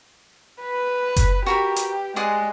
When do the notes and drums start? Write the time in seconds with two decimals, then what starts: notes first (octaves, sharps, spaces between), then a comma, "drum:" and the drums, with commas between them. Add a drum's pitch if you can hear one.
0.61 B4
1.16 drum: kick F#1, hi-hat
1.46 F#4 G4 A#4 B5
1.76 drum: hi-hat
2.16 G#3 G#4 D5 F#5